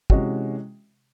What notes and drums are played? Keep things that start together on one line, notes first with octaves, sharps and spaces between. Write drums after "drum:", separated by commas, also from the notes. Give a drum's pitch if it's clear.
C3 E3 G#3 C#4 F#4, drum: kick